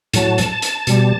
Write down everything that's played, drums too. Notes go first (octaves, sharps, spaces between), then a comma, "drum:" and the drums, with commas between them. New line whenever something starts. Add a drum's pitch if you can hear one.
A2 F#3 A5, drum: hi-hat
drum: hi-hat
drum: hi-hat
B2 G3, drum: hi-hat